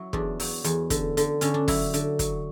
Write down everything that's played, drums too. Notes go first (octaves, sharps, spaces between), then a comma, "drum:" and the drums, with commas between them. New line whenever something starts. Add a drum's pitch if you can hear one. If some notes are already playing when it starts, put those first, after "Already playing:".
Already playing: F#3 E4
E2 D4, drum: kick
F#3, drum: open hi-hat
E2, drum: hi-hat
D3, drum: kick, hi-hat
D3, drum: hi-hat
D3 C#4, drum: hi-hat
D4
F#3 E4, drum: kick, open hi-hat
D3, drum: hi-hat
F#3, drum: kick, hi-hat